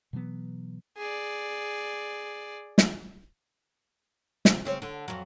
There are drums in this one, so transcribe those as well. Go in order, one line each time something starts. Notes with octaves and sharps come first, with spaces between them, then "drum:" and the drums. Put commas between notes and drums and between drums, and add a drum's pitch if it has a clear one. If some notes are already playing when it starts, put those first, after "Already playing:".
B2 E3 F#3 B3
G#4 D5
drum: snare
C3, drum: snare
C#3 C4 C#5
D3
F2 F#3